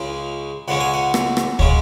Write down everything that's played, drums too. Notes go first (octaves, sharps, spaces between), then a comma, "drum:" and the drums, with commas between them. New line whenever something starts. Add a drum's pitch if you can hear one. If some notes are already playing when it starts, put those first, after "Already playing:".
Already playing: C#2 C#3 G#3 C#4
C#2 C#3 G#3 C#4 F#5
G#5
F#5
drum: rim click
drum: rim click
C#3 G#3 C#4, drum: kick